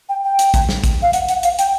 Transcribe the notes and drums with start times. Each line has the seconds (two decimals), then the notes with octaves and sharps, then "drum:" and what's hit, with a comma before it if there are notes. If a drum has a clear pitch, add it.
0.09 G5
0.25 G5
0.39 drum: hi-hat
0.54 drum: kick A#1, hi-hat
0.69 drum: snare
0.84 drum: kick A#1, hi-hat
1.02 F5
1.13 F#5, drum: hi-hat
1.28 F#5, drum: hi-hat
1.43 F5, drum: hi-hat
1.59 G5, drum: hi-hat